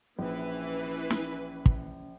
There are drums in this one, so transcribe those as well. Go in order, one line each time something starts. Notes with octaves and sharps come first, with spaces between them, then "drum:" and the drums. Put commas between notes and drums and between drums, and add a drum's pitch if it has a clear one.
A#1 E3 C#4 B4
drum: snare
drum: kick